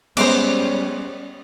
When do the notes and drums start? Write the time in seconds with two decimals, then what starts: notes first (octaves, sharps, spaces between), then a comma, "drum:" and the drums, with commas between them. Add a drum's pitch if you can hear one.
0.17 G3 G#3 B3 C#4 C5 C6 D6, drum: cymbal